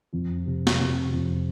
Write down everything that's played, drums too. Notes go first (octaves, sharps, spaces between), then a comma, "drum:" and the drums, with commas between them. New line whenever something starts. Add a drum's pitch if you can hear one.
F2
C3
drum: snare
C3
F2